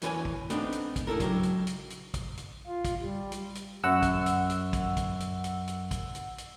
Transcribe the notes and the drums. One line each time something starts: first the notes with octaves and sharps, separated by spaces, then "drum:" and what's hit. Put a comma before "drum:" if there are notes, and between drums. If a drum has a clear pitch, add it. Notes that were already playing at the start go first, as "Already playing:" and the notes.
E2 E3 B4 C#5 G#5, drum: hi-hat
drum: kick
A3 B3 C4 D4 D#4, drum: hi-hat
drum: hi-hat
drum: kick, hi-hat
E4 F4 A4 A#4
C#2 F#3 G4, drum: kick, hi-hat
drum: hi-hat
drum: hi-hat
drum: hi-hat
drum: kick, hi-hat
drum: hi-hat
F4
drum: kick, hi-hat
G3
drum: hi-hat
drum: hi-hat
F#2 F#5 E6
drum: kick, hi-hat
drum: hi-hat
drum: hi-hat
drum: kick, hi-hat
drum: kick, hi-hat
drum: hi-hat
drum: hi-hat
drum: hi-hat
drum: kick, hi-hat
drum: hi-hat
drum: hi-hat